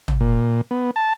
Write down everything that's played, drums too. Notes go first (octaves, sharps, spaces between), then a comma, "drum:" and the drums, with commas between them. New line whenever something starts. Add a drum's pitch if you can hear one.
drum: tom
A#2
B3
A5